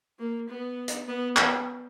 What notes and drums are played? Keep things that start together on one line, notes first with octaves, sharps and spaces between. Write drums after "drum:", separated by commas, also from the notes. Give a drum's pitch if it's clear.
A#3
B3
drum: hi-hat
B3
B3, drum: clap